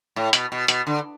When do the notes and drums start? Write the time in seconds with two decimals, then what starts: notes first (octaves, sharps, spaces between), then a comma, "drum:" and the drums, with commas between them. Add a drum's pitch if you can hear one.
0.16 A2
0.33 B2, drum: hi-hat
0.52 B2
0.68 B2, drum: hi-hat
0.87 D3